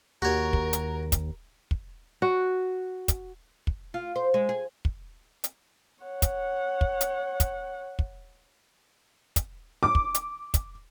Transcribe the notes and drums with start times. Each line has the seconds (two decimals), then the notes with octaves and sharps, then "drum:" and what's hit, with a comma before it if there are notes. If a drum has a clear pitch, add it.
0.22 D#2 F#4 G4 A#4 C#5
0.53 drum: kick
0.73 drum: hi-hat
1.12 drum: kick, hi-hat
1.71 drum: kick
2.22 F#4
3.08 drum: kick, hi-hat
3.67 drum: kick
3.94 F4
4.16 C5
4.34 G#3
4.49 G#4
4.85 drum: kick
5.44 drum: hi-hat
6.03 C#5 F#5
6.22 drum: kick, hi-hat
6.81 drum: kick
7.01 drum: hi-hat
7.40 drum: kick, hi-hat
7.99 drum: kick
9.36 drum: kick, hi-hat
9.83 D6
9.95 drum: kick
10.14 drum: hi-hat
10.54 drum: kick, hi-hat